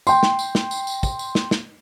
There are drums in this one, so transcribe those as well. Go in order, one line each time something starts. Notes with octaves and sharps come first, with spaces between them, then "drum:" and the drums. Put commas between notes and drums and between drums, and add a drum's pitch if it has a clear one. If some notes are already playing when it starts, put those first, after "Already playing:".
G5 C6, drum: tambourine
drum: snare
drum: tambourine
drum: snare
drum: tambourine
drum: tambourine
drum: kick, tambourine
drum: tambourine
drum: snare
drum: snare